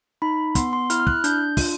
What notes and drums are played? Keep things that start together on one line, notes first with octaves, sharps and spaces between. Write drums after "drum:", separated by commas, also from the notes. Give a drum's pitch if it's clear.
D#4 B5
B3 C6, drum: kick, hi-hat
C6
E4 F6, drum: hi-hat
F6
F#6, drum: kick
D4 G6, drum: hi-hat
F4, drum: kick, open hi-hat